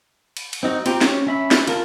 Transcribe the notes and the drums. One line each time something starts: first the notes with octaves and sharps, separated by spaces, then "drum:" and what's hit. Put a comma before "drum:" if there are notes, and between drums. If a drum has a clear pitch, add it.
drum: cymbal
drum: cymbal
C4 D#4 F#4
C4 F4 G4 G5 A#5, drum: cymbal
C#4, drum: snare
C#4 E5 B5
drum: snare
F4 A#4 A5, drum: cymbal